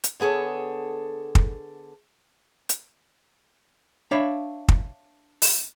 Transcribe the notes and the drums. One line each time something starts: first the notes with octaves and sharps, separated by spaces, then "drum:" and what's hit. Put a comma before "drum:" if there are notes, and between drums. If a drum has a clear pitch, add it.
drum: hi-hat
D3 B3 G#4 A4 C#5
drum: kick
drum: hi-hat
D4 C#5 E5 F5 B5
drum: kick
drum: open hi-hat